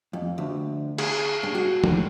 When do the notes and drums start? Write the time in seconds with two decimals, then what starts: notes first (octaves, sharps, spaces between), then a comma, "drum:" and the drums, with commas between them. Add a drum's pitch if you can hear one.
0.13 F2
0.38 D2
0.98 G#4, drum: cymbal
1.43 G2
1.55 F#4
1.84 G3, drum: tom